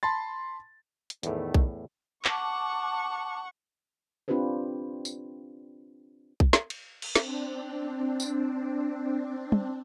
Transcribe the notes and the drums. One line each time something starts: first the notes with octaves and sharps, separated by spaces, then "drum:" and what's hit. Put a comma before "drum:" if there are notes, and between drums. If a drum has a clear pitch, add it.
A5 B5 C6 A6
drum: hi-hat
E2 A2 D#3 A3 B3, drum: hi-hat
drum: kick B1
F#5 A5 C#6 D6, drum: clap
C4 D4 F4 G4 B4 C5
drum: tambourine
drum: kick B1
drum: snare
drum: cymbal
drum: cymbal
C4 D4, drum: snare
drum: tambourine
drum: tom